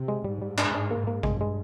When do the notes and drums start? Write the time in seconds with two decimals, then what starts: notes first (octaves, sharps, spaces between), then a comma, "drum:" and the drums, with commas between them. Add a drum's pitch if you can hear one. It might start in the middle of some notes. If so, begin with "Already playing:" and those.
Already playing: C3
0.08 G#3
0.25 G#2 G3
0.42 G3
0.58 D4, drum: clap
0.75 D4
0.91 A#3
1.07 A#3
1.23 G2 G#3, drum: kick A1
1.41 G#3